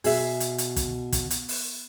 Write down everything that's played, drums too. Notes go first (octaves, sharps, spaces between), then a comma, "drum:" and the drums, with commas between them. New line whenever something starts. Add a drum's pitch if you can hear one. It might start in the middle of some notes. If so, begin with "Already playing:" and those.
B2 G#4 E5, drum: open hi-hat
drum: hi-hat
drum: hi-hat
drum: kick, hi-hat
drum: kick, hi-hat
drum: hi-hat
drum: open hi-hat